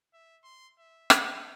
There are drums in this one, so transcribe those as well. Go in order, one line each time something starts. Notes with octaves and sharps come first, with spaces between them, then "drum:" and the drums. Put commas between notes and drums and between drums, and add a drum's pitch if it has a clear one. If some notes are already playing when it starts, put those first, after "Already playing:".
E5
C6
E5
drum: rim click
D#5